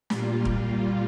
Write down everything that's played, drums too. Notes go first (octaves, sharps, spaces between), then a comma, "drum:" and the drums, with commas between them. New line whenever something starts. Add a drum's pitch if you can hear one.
A#2 G3 A#3 F4, drum: snare
drum: kick